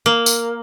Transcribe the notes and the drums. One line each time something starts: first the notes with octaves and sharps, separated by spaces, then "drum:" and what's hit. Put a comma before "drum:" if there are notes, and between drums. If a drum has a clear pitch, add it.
A#3
drum: tambourine